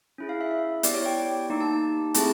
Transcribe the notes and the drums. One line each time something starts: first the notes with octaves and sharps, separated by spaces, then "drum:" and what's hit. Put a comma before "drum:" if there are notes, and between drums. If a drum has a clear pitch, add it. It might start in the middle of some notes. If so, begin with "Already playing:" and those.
C#4 E4 G#4
F5
E5
E5
B3 E4 G4 D5, drum: hi-hat
C#5
G5
A#3 D#4 G4
A5
A3 C4 E4 G#4 A5, drum: hi-hat